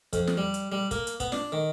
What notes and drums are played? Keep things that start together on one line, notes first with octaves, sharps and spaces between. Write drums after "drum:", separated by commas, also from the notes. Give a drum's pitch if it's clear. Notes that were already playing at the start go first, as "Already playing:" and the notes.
F2, drum: kick, hi-hat
drum: snare
G3
drum: hi-hat
G3
A#3, drum: kick, hi-hat
drum: hi-hat
B3, drum: kick, hi-hat
D4, drum: snare
D#3